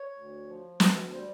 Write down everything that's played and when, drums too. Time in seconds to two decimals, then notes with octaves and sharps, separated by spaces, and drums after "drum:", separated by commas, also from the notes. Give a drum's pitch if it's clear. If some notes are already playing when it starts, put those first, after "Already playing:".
Already playing: C#5
0.16 D2
0.47 F3
0.80 D2, drum: snare
1.12 G3 C5